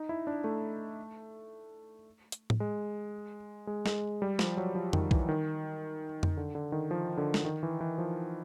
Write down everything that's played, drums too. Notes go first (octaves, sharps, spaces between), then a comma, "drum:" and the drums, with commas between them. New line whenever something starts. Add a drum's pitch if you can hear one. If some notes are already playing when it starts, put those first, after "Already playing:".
Already playing: D#4
E4
D4
A3
drum: hi-hat
drum: tom A2
G#3
G#3
G#3, drum: snare
G3
F3, drum: snare
F#3
F3
D#3, drum: tom F2
E3, drum: kick B1
D#3
drum: tom F2
D3
D3
D#3
F3
D3
drum: snare
D#3
E3
E3
F3